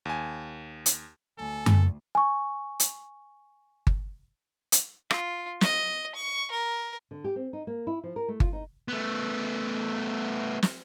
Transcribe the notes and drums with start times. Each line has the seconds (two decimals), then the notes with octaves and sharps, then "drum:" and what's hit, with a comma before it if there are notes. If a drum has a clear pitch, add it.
0.05 D#2 G#5
0.86 drum: hi-hat
1.38 D2 A4 G#5
1.66 drum: tom F#2
2.15 G#5 C#6
2.80 drum: hi-hat
3.87 drum: kick G1
4.72 drum: hi-hat
5.11 F4, drum: rim click
5.61 D#5, drum: snare
6.15 C#6
6.51 A#4
7.11 D3
7.24 G4
7.36 C4
7.53 D#4
7.67 A#3
7.87 E4
8.04 F3
8.16 A#4
8.28 A3
8.40 F4, drum: kick G1
8.53 D#4
8.88 A3 B3
10.63 drum: snare